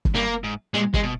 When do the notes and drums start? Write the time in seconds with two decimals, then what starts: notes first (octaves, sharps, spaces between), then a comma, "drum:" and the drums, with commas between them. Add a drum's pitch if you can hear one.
0.05 drum: kick
0.14 G2 A#3
0.44 G#2
0.74 A#2 G#3
0.94 G#3, drum: kick
1.03 B2